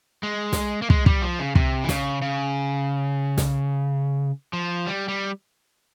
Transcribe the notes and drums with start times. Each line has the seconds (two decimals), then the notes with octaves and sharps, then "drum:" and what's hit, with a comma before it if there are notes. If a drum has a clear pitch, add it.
0.23 G#3
0.53 drum: snare
0.82 A#3
0.90 G#3, drum: kick
1.06 G3, drum: kick
1.22 F3
1.39 C#3
1.55 C3, drum: kick
1.84 E3
1.89 C#3, drum: snare
2.22 C#3
3.38 drum: snare
4.53 F3
4.87 G3
5.08 G3